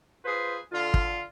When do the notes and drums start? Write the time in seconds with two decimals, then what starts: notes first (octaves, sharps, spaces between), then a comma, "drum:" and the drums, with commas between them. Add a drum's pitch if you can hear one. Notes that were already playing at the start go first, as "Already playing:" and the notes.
0.25 F4 G#4 B4 C5
0.72 D3 F4
0.94 drum: kick